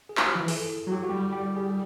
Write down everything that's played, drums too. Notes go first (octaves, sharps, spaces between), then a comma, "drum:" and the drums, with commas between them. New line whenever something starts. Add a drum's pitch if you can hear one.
G#4
G4, drum: clap
F#4
F4
F3
E3 E4
G#4, drum: open hi-hat
A4
F#3
G4
F#4
G3 G4
G4
G#4